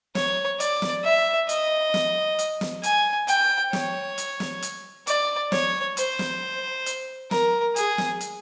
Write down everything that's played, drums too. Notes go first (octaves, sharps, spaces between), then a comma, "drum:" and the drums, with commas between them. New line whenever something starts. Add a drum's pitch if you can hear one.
C#5, drum: snare
D5, drum: hi-hat
drum: snare
E5
D#5, drum: hi-hat
drum: snare
drum: hi-hat
drum: snare
G#5, drum: hi-hat
G5, drum: hi-hat
C#5, drum: snare
drum: hi-hat
drum: snare
drum: hi-hat
D5, drum: hi-hat
C#5, drum: snare
C5, drum: hi-hat
drum: snare
drum: hi-hat
A#4, drum: snare
G#4, drum: hi-hat
drum: snare
drum: hi-hat